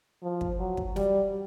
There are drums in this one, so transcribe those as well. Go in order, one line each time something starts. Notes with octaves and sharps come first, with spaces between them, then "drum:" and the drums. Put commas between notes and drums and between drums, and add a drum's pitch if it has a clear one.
F3
drum: kick
F#3
drum: kick
G3, drum: snare